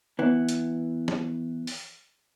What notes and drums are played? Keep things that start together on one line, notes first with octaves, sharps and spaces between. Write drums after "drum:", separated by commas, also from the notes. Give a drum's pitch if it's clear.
E3 B3
drum: hi-hat
drum: snare
drum: open hi-hat